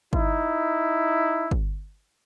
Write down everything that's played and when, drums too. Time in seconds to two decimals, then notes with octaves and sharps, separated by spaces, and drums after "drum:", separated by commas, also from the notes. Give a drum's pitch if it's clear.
0.13 D#4 E4, drum: kick
1.51 drum: kick